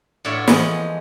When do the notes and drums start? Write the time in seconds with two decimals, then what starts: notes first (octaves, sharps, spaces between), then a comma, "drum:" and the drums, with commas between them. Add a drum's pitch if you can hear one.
0.25 A2 D4 F4 F#4 C#5 E5
0.48 E2 F3 G#3 D#5 F#5, drum: snare